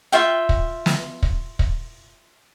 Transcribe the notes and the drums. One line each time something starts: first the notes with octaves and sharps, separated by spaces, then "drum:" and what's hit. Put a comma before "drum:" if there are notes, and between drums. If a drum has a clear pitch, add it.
F4 E5 G5
drum: kick
drum: snare
drum: kick
drum: kick